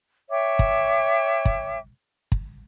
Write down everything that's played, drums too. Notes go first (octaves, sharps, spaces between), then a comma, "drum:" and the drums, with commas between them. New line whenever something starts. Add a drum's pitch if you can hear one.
C#5 E5 G5 D6
drum: kick
drum: kick
drum: kick